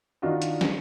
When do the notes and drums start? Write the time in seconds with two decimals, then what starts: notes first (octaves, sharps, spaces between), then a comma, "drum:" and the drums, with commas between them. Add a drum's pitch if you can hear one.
0.22 D#3 D4 F4 F#4 D#5
0.42 drum: hi-hat
0.61 drum: snare